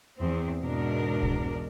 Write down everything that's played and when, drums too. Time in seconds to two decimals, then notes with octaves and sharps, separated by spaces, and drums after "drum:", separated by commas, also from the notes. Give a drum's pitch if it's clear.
0.18 E2 C4
0.63 E2 G#2 B2 D4 A#4
1.23 drum: kick C2